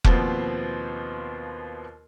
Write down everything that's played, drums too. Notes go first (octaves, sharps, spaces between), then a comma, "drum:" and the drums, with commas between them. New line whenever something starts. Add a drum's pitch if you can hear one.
D#2 B2 F3 B3 C4, drum: kick F1